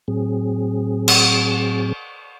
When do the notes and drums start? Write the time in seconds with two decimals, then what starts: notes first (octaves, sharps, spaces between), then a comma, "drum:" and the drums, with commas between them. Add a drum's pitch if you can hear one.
0.08 A2 F#3 C4 G#4
1.08 drum: cymbal